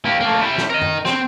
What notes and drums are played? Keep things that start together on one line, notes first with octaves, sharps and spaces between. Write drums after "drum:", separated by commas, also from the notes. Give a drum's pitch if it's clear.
A#3 G4
A3 A#3
G3 E4
drum: snare
A#4 D#5
drum: tom F#2
C4, drum: snare